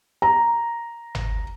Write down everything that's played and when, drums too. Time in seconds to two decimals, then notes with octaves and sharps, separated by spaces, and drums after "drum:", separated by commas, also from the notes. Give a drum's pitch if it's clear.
0.22 A#5
1.15 drum: tom